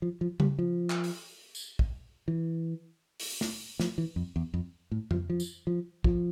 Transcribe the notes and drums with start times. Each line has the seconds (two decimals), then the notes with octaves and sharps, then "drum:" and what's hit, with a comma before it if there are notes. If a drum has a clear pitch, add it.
0.02 F3
0.21 F3
0.40 G3, drum: tom C#3
0.59 F3
0.90 drum: clap
1.04 drum: open hi-hat
1.55 drum: tambourine
1.79 drum: kick
2.28 E3
3.20 drum: open hi-hat
3.41 drum: snare
3.80 F3, drum: snare
3.98 E3
4.16 F2
4.36 E2
4.54 F2
4.92 A2
5.11 F3, drum: tom F2
5.30 F3
5.40 drum: tambourine
5.67 F3
6.04 F3, drum: kick